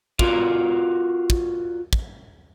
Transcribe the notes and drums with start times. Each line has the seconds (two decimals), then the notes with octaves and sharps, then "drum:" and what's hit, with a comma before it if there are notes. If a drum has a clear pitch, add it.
0.19 F4 F#4 A#4 D5, drum: kick
1.30 drum: kick
1.93 drum: kick